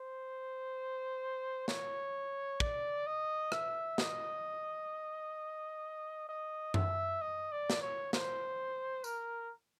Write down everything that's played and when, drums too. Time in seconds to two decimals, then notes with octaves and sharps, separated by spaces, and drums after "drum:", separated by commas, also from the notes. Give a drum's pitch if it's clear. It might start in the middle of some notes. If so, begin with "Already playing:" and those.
Already playing: C5
1.68 C#5, drum: snare
2.60 D5, drum: kick
3.06 D#5
3.52 E5, drum: rim click
3.98 D#5, drum: snare
6.29 D#5
6.74 E5, drum: tom F#2
7.21 D#5
7.52 D5
7.70 drum: snare
7.82 C#5
8.13 C5, drum: snare
9.04 A#4, drum: tambourine